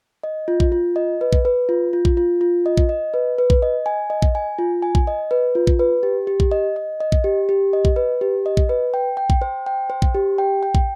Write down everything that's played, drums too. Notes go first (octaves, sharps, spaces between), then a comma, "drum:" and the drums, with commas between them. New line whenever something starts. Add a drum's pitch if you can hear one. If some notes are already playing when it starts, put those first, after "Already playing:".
D#5
F4
drum: kick
F4
D#5
B4
drum: kick
B4
F4
F4
drum: kick
F4
F4
D#5
drum: kick
D#5
B4
B4
drum: kick
D#5
G#5
D#5
drum: kick
G#5
F4
G#5
drum: kick
D#5
B4
F4
drum: kick
B4
G4
G4
drum: kick
D#5
D#5
D#5
drum: kick
G4
G4
D#5
drum: kick
B4
G4
D#5
drum: kick
B4
G5
G5
drum: kick
C5
G5
C5
drum: kick
G4
G5
G5
drum: kick